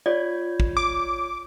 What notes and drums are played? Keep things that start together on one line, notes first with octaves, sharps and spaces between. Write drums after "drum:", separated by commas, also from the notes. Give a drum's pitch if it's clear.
F4 C#5 D5 G#6
drum: kick
D6